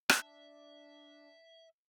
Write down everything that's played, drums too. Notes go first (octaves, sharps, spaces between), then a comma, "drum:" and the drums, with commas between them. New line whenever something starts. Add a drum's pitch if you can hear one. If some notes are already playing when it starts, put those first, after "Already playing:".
D4 E5, drum: rim click